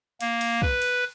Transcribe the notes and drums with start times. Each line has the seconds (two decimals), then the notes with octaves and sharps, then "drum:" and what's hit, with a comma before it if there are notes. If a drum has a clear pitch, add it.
0.21 A#3, drum: cymbal
0.41 drum: cymbal
0.62 B4, drum: kick
0.82 drum: cymbal